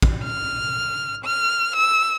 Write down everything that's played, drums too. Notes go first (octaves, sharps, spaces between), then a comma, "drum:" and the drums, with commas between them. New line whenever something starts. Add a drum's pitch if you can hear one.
drum: kick
F6
F6
E6